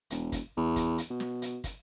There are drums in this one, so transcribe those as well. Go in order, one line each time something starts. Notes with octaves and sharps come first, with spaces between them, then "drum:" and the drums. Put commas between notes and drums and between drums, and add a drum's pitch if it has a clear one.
E1, drum: hi-hat
drum: kick, hi-hat
E2
drum: kick, hi-hat
drum: hi-hat
B2
drum: snare
drum: hi-hat
drum: kick, hi-hat